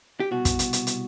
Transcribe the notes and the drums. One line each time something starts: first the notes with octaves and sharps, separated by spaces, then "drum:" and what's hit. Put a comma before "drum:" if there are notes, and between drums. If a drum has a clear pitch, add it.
G4
C2 B2 F#4
drum: kick, hi-hat
drum: hi-hat
drum: hi-hat
drum: hi-hat